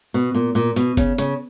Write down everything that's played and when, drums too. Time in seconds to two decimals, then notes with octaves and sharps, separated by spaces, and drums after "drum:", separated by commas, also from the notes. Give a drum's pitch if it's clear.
0.14 B2
0.34 A#2
0.55 A#2
0.76 B2, drum: hi-hat
0.97 C#3, drum: kick F#1, hi-hat
1.18 C#3, drum: hi-hat